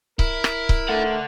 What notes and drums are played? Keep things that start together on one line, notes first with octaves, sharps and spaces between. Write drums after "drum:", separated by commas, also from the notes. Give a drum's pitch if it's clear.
E4 A#4, drum: kick C#1
drum: rim click
drum: kick C#1
A3 A4 F#5